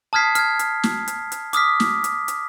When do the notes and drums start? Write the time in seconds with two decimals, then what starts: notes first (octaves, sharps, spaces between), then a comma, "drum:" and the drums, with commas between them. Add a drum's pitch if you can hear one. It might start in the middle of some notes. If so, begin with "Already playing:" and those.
0.13 A5 D#6 F6 G#6 B6 C7
0.35 F6 G#6, drum: hi-hat
0.59 drum: hi-hat
0.83 drum: snare
1.08 drum: hi-hat
1.32 drum: hi-hat
1.53 D6 D#6 F6 B6, drum: hi-hat
1.80 drum: snare
2.04 drum: hi-hat
2.28 drum: hi-hat